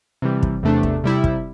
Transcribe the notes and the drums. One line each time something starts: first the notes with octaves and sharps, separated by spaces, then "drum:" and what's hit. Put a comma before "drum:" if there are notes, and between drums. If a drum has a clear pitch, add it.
C3 E3 G3
drum: kick
E2 C3 A3 D4
drum: kick
C3 G3 E4
drum: kick